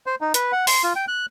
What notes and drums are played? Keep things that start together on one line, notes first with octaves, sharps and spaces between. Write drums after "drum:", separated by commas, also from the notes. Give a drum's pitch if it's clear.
C5
D#4
B4, drum: hi-hat
F#5
C6, drum: open hi-hat
F4
G5
F#6